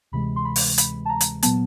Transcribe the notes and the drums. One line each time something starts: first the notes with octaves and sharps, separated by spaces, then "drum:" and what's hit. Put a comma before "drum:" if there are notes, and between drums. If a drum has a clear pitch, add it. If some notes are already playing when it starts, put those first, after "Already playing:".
D2 C3 E3 G#3 B5
C6
B5
drum: open hi-hat
B5, drum: hi-hat
A5
A#5
drum: hi-hat
A#2 F#3 B3 A5, drum: hi-hat